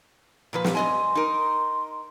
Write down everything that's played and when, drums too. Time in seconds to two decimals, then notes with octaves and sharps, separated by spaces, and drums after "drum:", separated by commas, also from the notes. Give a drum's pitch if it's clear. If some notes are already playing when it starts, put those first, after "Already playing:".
0.53 A#2 F3 B4
0.64 drum: snare
0.75 G2 D#5 G#5 C6
1.15 D#4 A#4